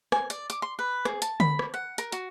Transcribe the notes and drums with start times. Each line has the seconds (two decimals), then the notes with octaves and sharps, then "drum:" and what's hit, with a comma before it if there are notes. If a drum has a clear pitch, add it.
0.12 G#5, drum: rim click
0.30 D5, drum: hi-hat
0.50 D6, drum: hi-hat
0.62 C6
0.79 B4
1.05 G#4, drum: rim click
1.22 A5, drum: hi-hat
1.40 B5, drum: tom D3
1.59 drum: rim click
1.74 F#5
1.98 A#4, drum: hi-hat
2.12 F#4, drum: hi-hat